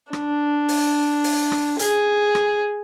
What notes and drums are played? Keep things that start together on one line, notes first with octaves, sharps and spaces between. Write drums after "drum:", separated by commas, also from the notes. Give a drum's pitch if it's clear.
D4, drum: rim click
drum: open hi-hat
drum: open hi-hat
drum: rim click
G#4, drum: hi-hat
drum: rim click